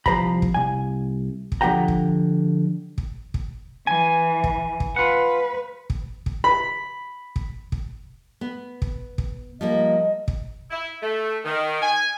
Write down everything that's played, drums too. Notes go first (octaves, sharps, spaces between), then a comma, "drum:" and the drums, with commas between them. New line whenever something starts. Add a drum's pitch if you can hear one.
C2 F3 C5 A#5 B5, drum: kick
drum: kick
C2 G#5
drum: kick
D3 F3 G4 F#5 G5 A#5
drum: kick
drum: kick
drum: kick
E3 G#5
drum: kick
drum: kick
F4 B4 F#5
drum: kick
drum: kick
B5
drum: kick
drum: kick
B3
drum: kick
drum: kick
F3 G3 A#3 D#5
drum: kick
E4
A3
D#3
G#5